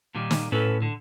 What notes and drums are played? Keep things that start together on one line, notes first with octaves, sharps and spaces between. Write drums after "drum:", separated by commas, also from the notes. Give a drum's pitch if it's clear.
A#2 D#3 G3
drum: snare
A2 C#4 A4 B4
D3